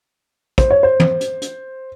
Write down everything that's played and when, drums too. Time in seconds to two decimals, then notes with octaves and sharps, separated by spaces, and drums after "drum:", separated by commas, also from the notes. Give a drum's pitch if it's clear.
0.58 C5, drum: kick, hi-hat
0.70 C#5
0.83 C5
1.00 drum: tom
1.21 drum: hi-hat
1.42 drum: hi-hat